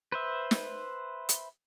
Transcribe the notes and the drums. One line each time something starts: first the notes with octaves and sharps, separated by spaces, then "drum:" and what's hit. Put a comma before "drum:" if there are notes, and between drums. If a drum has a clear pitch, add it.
B4 C5 E5
drum: snare
drum: hi-hat